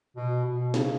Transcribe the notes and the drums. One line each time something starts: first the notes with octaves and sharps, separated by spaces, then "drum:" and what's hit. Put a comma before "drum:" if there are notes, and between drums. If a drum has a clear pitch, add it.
B2
B2
C#3, drum: snare